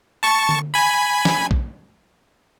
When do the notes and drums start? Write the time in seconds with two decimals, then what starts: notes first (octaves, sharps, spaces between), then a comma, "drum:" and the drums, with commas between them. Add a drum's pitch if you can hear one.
0.23 A5 C#6
0.49 drum: tom D3
0.74 G#5 B5
1.25 drum: snare
1.51 drum: kick A#1